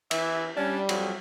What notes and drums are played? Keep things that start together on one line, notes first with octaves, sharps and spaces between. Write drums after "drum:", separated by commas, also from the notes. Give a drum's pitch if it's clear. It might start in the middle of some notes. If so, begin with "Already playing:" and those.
E3 E5, drum: cymbal
G3 C#4 D4
F2 F#3, drum: cymbal